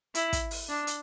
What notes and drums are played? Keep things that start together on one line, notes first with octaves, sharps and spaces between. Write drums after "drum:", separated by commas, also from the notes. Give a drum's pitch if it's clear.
E4, drum: hi-hat
drum: kick, hi-hat
drum: open hi-hat
D4
drum: hi-hat